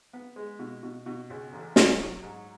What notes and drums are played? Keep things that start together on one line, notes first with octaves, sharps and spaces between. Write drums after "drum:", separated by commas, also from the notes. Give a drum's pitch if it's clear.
B3
G#3
B2
B2
B2
C#2
A1
F#3, drum: snare
F#3
G#2